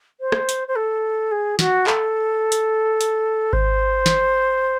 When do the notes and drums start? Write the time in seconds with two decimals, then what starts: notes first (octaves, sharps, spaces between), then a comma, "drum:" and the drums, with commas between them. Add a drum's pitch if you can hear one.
0.21 C5
0.32 drum: rim click
0.49 drum: hi-hat
0.68 C5
0.76 A4
1.31 G#4
1.59 F#4, drum: snare
1.87 A4, drum: clap
2.52 drum: hi-hat
3.01 drum: hi-hat
3.53 C5, drum: kick G#1
4.06 drum: snare